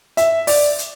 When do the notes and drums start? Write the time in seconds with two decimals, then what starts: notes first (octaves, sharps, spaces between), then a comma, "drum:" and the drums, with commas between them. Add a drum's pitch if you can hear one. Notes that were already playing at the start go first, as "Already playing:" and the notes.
0.17 E5, drum: hi-hat
0.47 D5, drum: open hi-hat
0.78 drum: hi-hat